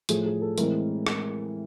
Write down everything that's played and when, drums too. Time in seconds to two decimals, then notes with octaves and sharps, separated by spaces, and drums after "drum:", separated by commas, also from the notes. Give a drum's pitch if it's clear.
0.09 A2 F3 A3 G#4, drum: hi-hat
0.26 G#4
0.42 A4
0.58 A2 E3 G#3 C4 A#4, drum: hi-hat
1.07 drum: rim click